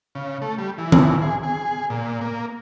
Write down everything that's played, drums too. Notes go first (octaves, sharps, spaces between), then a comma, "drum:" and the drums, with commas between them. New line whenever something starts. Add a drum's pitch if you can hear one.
C#3
A3
G3
E3
drum: tom D#3
G#4
G#4
A#2
A#3